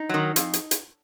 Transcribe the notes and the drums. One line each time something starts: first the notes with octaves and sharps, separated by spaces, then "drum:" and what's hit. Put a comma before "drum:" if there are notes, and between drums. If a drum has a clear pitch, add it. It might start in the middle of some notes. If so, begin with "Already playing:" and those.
Already playing: D#4
D#3 F#3
F2, drum: hi-hat
drum: hi-hat
drum: hi-hat